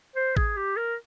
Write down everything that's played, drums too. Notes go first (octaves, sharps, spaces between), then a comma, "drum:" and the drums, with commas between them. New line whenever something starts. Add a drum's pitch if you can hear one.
C5
G#4, drum: kick
G4
A#4